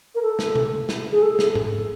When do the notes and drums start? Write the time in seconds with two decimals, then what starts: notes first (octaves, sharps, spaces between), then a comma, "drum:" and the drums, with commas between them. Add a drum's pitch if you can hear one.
0.15 A#4
0.22 A4
0.39 drum: snare
0.55 drum: tom B2
0.89 drum: snare
1.12 G#4
1.22 A4
1.39 drum: snare
1.55 drum: tom G#2